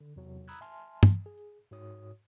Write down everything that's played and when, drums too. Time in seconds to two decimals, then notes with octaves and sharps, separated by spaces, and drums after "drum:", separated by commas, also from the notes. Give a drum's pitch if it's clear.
0.01 D3
0.16 E2 C3 F#3
0.48 A#5 B5 D#6 E6 F#6 G#6
0.61 E5 G#5 A5 C6 F6
1.03 drum: tom
1.26 G#4
1.71 G#2 F#4 C#5 D#6